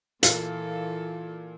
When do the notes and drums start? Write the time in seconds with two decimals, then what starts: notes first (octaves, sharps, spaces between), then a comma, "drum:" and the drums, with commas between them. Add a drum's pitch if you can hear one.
0.23 A#2 E3 A4 F5, drum: hi-hat